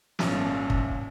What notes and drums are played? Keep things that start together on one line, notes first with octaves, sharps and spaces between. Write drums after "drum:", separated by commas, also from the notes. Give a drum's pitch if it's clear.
G#1 A#2 C#4 E5 F5 A5, drum: snare
drum: kick